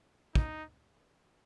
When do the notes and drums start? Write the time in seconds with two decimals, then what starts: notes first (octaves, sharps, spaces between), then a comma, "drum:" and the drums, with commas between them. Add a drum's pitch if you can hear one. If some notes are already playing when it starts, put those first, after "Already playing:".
0.35 D#4, drum: kick